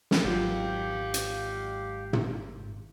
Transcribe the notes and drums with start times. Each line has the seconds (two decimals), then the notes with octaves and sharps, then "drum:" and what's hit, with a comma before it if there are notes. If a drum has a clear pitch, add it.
0.11 drum: snare
0.25 G#1 F#3 F4 G4 F5 G5
1.14 drum: hi-hat
2.13 drum: tom